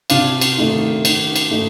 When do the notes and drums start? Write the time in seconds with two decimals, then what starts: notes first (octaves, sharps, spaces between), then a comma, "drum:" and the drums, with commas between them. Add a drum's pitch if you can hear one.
0.10 C3 D4 F4, drum: cymbal
0.41 drum: cymbal
0.58 D#3 A3 D#4
1.05 D#3, drum: cymbal
1.36 drum: cymbal
1.51 A3 D#4